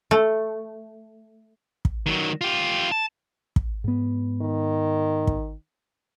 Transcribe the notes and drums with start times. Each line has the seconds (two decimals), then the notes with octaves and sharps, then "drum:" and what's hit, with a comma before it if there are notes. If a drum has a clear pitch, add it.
0.11 A3
1.85 drum: kick
2.06 D#3 F#3
2.41 F4 G4
2.92 A5
3.56 drum: kick
3.84 G#2 B3
4.42 D#3
5.27 drum: kick